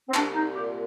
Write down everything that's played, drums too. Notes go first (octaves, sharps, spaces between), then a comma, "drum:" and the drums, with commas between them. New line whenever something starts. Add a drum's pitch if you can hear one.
C4
C2 D4, drum: clap
D#4
A#2 G4